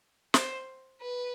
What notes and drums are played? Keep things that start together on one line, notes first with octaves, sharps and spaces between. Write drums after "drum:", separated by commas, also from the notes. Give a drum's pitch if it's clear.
C5, drum: snare
B4